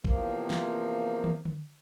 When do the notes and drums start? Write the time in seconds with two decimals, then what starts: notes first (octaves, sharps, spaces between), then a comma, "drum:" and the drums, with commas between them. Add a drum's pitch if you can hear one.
0.04 E2 C3 F3 A#3, drum: kick
0.50 drum: snare
1.24 drum: tom
1.45 drum: tom D3